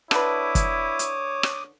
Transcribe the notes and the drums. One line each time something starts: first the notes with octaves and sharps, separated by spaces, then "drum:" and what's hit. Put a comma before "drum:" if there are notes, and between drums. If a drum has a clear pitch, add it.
D3 E4 B4 C#5 D6 D#6, drum: rim click
drum: kick, hi-hat
drum: hi-hat
drum: rim click